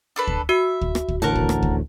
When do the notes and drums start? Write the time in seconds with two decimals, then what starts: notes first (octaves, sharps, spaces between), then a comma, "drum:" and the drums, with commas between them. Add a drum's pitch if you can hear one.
0.16 D4 A4 B4
0.27 drum: kick
0.49 F#4 E5
0.81 drum: kick
0.95 drum: rim click
1.08 drum: kick
1.22 A1 D2 A2 A#4 F#5 A5
1.35 drum: kick
1.49 drum: rim click
1.62 drum: kick